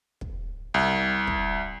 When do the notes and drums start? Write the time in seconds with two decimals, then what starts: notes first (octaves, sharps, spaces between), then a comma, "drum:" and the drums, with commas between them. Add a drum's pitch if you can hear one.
0.21 drum: kick
0.74 C2
1.27 drum: kick